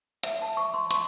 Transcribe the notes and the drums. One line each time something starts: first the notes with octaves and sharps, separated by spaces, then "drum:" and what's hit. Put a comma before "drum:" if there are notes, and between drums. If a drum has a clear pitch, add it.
E5, drum: hi-hat
A5
C#6
C6
C#6, drum: hi-hat